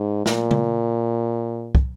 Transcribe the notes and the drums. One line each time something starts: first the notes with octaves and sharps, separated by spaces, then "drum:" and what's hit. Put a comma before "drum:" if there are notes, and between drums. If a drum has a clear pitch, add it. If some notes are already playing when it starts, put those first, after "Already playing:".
Already playing: G#2
A#2, drum: snare
drum: tom C#3
drum: kick